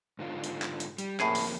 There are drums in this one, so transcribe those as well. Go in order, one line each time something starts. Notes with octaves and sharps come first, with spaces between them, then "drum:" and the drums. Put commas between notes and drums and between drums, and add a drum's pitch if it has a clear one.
G#2 D3 F4
drum: hi-hat
drum: clap
drum: hi-hat
G3, drum: hi-hat
F2 A2 A#3 C#4 G#4, drum: clap
drum: open hi-hat